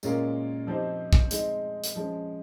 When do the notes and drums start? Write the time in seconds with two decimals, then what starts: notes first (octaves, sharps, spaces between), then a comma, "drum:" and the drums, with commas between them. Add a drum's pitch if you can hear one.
0.03 A#2 G#3 C#4 F4 A#4, drum: tambourine
0.67 F3 C4 D#4 G4 C5
1.13 drum: kick
1.31 G#3 C4 D#4, drum: hi-hat
1.84 drum: hi-hat
1.96 F3 G#3 C#4